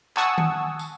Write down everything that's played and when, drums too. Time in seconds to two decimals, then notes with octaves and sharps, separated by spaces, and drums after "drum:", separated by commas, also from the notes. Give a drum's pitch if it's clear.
0.17 F#5 G#5 A5 C#6 D#6 E6, drum: clap
0.38 drum: tom D#3
0.79 drum: tambourine